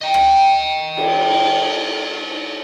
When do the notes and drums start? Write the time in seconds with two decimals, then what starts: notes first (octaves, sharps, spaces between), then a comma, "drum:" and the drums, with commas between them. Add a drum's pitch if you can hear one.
0.01 D#5 G5
0.14 drum: rim click
0.97 drum: cymbal